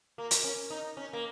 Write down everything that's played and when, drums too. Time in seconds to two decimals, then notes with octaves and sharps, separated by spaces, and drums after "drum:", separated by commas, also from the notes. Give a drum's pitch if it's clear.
0.18 A#3
0.31 drum: hi-hat
0.44 C#4
0.70 D#4
0.97 C#4
1.13 A#3